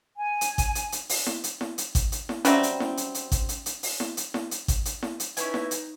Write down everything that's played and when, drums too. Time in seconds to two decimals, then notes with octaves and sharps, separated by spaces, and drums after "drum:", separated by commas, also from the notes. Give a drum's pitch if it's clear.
0.18 G#5
0.41 drum: hi-hat
0.58 drum: kick G#1, hi-hat
0.75 drum: hi-hat
0.92 drum: hi-hat
1.09 drum: open hi-hat
1.26 drum: snare E4
1.44 drum: hi-hat
1.61 drum: snare E4
1.78 drum: hi-hat
1.95 drum: kick G#1, hi-hat
2.12 drum: hi-hat
2.29 drum: snare E4
2.45 F#3 G3 C4 C#4 E5, drum: hi-hat
2.63 drum: hi-hat
2.80 drum: snare E4
2.97 drum: hi-hat
3.14 drum: hi-hat
3.32 drum: kick G#1, hi-hat
3.49 drum: hi-hat
3.66 drum: hi-hat
3.83 drum: open hi-hat
4.00 drum: snare E4
4.17 drum: hi-hat
4.34 drum: snare E4
4.51 drum: hi-hat
4.68 drum: kick G#1, hi-hat
4.85 drum: hi-hat
5.02 drum: snare E4
5.20 drum: hi-hat
5.37 C#4 D#4 E4 B4 G#5, drum: hi-hat
5.54 drum: snare E4
5.71 drum: hi-hat